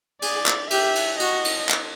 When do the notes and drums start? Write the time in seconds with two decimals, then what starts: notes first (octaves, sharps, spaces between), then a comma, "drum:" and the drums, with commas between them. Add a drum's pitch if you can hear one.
0.22 G#4 D5, drum: cymbal
0.46 drum: clap
0.70 G4 E5, drum: cymbal
0.95 drum: cymbal
1.20 F#4 D#5, drum: cymbal
1.44 drum: cymbal
1.69 drum: clap